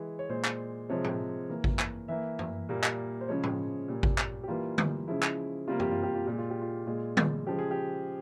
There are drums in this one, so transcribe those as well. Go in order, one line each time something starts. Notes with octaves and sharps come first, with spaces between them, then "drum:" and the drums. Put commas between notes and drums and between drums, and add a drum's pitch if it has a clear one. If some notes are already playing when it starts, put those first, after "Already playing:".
Already playing: E3 G#3
C#5
A#2 G#3 C5
drum: clap
C3 F3 G#3 C#5
drum: tom A2
E3 A#3
drum: kick G#1
drum: clap
E3 A#3 E5
drum: tom F#2
A#2 G3 A#3
drum: clap
C5
C#3 F3 G#3 C#5
drum: tom A2
A#2 G3 A#3
drum: kick G#1
drum: clap
G4
E3 G3 A#3 F4
drum: tom D3
C#3 F3 G#3 E4
drum: clap
C3 G3 A#3 F4
G4, drum: tom F#2
F4
G4
F4
A#2 G#3 G4
F4
G4
F4
A#2 G#3 F4
drum: tom D3
C#3 F3 G#3 G4
G#4
G4